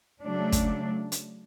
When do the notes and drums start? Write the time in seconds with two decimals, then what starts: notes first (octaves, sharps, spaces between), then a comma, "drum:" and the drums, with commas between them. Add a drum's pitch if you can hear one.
0.22 C#3 F#3 A3 D4
0.52 drum: kick, hi-hat
1.12 drum: hi-hat